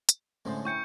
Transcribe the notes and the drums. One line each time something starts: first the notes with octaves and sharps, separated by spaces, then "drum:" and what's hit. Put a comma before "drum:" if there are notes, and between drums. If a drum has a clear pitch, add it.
drum: hi-hat
A2 D3 G#3 A3 C#4 C5
E4 G5 G#5 C#6 G6 C#7